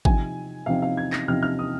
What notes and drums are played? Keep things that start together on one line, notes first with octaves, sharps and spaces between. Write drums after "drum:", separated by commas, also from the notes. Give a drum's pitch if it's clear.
C3 F3 C4 D#4 G#5, drum: kick G#1
C3 F3 C4 D#4 F5
F5
G#6
A#6, drum: clap
C3 F3 C4 D#4 F6
F6
D#6